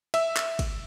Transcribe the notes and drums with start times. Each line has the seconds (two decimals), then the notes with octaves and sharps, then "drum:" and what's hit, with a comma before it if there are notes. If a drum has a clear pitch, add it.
0.14 E5 E6, drum: cymbal
0.36 drum: clap
0.59 drum: kick, cymbal